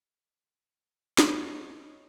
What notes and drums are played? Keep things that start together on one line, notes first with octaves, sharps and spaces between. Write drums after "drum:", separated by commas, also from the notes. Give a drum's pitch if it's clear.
C#5 D#5, drum: snare